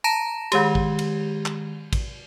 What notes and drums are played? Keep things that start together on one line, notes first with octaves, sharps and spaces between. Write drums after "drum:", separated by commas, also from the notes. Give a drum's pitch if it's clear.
A5 A#5 A#6 E7
D#3 G#3 G4, drum: cymbal
drum: kick
drum: cymbal
drum: clap
drum: kick, cymbal